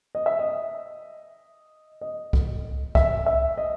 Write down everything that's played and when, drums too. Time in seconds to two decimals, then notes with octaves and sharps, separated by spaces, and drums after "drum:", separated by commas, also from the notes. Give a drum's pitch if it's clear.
0.15 D#5
0.26 E5
0.39 D#5
2.01 D#5
2.33 drum: kick C2
2.95 E5, drum: kick C2
3.26 E5
3.58 D#5